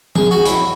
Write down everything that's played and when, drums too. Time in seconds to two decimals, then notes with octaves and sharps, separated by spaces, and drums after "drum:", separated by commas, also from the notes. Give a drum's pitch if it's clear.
0.15 G#4, drum: tom F3
0.31 F#4
0.45 E4, drum: hi-hat